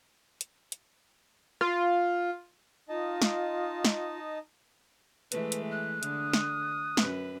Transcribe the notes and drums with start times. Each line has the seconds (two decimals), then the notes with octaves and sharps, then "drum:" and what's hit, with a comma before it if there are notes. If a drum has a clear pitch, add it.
0.41 drum: hi-hat
0.72 drum: hi-hat
1.61 F4, drum: rim click
2.89 D#4 F4 D#5 A5
3.22 drum: snare
3.85 drum: snare
5.32 E3 G#3 A3 B4, drum: hi-hat
5.52 drum: hi-hat
5.71 F#6
6.03 D3 D#6, drum: hi-hat
6.33 drum: snare
6.97 F#2 B4, drum: snare